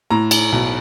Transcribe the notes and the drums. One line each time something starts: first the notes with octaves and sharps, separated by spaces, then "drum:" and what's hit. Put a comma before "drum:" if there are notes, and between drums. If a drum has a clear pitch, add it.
A2 A#5
drum: cymbal
B1